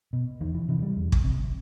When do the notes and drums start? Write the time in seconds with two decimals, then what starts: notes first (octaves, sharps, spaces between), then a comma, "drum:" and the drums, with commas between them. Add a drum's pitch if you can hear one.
0.13 B2
0.41 E2 D#3
0.54 E3
0.68 C3 E3
0.82 G3
0.96 E2
1.12 drum: kick
1.24 C3